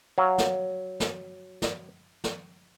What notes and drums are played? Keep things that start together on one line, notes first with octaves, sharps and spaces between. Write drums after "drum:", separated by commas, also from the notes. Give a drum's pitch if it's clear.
F#3 F5
drum: snare
drum: snare
drum: snare
drum: snare